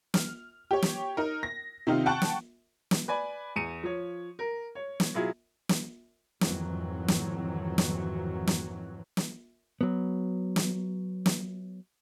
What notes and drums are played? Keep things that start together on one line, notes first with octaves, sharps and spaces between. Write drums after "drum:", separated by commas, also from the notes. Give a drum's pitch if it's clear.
F6, drum: snare
G4 C#5
drum: snare
D#4 A#4
A#6
C3 D#3 D#4 F4
F#5 G5 A5 C#6 F#6
drum: snare
drum: snare
B4 D5 G#5 B5
E2 C#7 D#7
F3 C#5
A#4
C#5
drum: snare
B2 F#3 E4 F4 G#4
drum: snare
F2 G#2 D#3 E3 F#3, drum: snare
drum: snare
drum: snare
drum: snare
drum: snare
F#3 B3
drum: snare
drum: snare